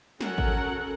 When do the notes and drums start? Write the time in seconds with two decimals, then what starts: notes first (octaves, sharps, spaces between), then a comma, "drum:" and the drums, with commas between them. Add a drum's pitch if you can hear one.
0.21 C#4 F#4 A4 A#4 F#5, drum: snare
0.38 drum: kick G#1